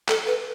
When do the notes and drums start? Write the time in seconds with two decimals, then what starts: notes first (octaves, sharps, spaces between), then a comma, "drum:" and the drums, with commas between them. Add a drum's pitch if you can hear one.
0.08 A4, drum: clap
0.27 B4